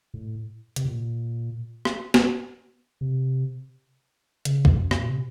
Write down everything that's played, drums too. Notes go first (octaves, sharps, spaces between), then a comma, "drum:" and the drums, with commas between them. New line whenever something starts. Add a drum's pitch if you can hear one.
A2
C3, drum: hi-hat
A#2
drum: rim click
drum: snare
C3
C#3, drum: hi-hat
drum: kick
F#2
A2, drum: rim click
A#2
C3